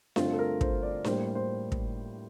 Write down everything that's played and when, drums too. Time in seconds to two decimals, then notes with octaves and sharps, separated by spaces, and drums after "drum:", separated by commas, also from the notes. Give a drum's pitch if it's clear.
0.16 G2 D3 A3 C4 F4, drum: snare D4
0.32 A4
0.39 A#4
0.61 C5, drum: kick
0.83 D5
1.04 A2 G3 A#3 C5, drum: snare D4
1.35 C5
1.72 drum: kick